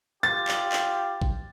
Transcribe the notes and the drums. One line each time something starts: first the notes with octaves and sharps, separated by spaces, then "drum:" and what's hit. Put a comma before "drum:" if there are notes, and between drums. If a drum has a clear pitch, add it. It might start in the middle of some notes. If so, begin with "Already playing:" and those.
F4 G4 A6
drum: clap
drum: clap
drum: kick A1